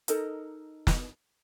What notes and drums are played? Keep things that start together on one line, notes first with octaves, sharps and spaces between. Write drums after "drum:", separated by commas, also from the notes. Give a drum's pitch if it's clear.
D#4 A4 A#4 D#5, drum: hi-hat
drum: snare